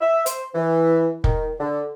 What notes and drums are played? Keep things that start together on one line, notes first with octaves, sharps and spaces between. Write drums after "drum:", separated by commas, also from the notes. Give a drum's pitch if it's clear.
E5
C5, drum: hi-hat
E3
D#3, drum: kick
D3